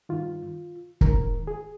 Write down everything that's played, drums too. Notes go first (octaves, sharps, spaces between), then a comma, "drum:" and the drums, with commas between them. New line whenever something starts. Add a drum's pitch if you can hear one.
G2 D#3 F4
G#2 D#3 A#4, drum: kick
G#4